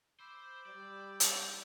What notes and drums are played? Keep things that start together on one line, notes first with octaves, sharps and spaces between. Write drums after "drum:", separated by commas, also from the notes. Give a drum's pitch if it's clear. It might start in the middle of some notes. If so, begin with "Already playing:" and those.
C5 B5 D6 E6 G6
G3 D5
drum: hi-hat